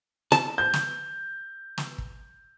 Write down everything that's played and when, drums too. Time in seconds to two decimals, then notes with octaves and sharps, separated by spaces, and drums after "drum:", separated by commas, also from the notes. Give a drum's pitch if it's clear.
0.32 A5, drum: snare
0.58 G6
0.73 drum: snare
1.78 drum: snare
1.98 drum: kick